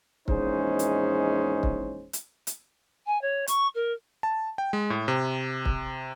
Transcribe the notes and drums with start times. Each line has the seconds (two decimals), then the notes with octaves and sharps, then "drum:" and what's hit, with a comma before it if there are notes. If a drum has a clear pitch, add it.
0.28 A#1 E2 G#3 C#4 D#4 C5, drum: kick
0.79 drum: hi-hat
1.63 drum: kick
2.13 drum: hi-hat
2.47 drum: hi-hat
3.06 G#5
3.21 C#5
3.47 C#6, drum: hi-hat
3.75 A#4
4.23 A5
4.58 G5
4.73 G#3
4.90 A2
5.08 C3
5.65 drum: kick